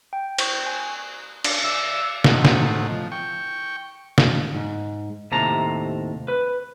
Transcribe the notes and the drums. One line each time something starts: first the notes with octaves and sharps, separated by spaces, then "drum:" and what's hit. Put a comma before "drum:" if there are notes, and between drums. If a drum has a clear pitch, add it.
G5
C5 C#6, drum: cymbal
G#5
D4, drum: cymbal
D5 E5 E6
A2 C3 D#4 F#5, drum: snare
drum: snare
F3
G5 C#6
drum: snare
G#2
D#2 A2 C3 A5 A#5
B4